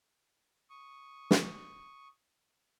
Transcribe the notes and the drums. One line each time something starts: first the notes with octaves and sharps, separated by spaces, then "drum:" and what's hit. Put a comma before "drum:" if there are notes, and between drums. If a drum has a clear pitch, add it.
C#6 D#6
drum: snare